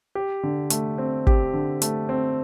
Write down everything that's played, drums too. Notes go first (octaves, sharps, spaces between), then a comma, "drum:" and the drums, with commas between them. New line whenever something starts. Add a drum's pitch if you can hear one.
G4
D3
A3, drum: hi-hat
C4
G4, drum: kick
D3
A3, drum: hi-hat
C4